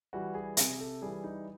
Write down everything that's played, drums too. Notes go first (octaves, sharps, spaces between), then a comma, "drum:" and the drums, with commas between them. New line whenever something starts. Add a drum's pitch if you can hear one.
E3 G3 F#4
G#4
C3 G#4, drum: hi-hat
A4
E3 G3 G#4
D#4